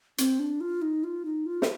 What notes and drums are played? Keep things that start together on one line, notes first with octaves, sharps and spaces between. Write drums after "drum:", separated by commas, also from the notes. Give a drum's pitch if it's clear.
C4, drum: hi-hat
D4
F4
D#4
F4
D#4
F4
A4, drum: snare